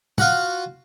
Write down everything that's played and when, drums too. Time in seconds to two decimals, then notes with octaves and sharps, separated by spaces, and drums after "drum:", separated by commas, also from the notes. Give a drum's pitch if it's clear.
0.18 F4 F#4 F#5, drum: tom